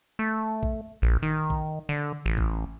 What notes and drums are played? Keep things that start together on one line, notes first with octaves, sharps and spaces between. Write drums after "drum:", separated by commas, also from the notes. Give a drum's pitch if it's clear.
A3
drum: kick
A#1
D#3
drum: kick
D3
A1
drum: kick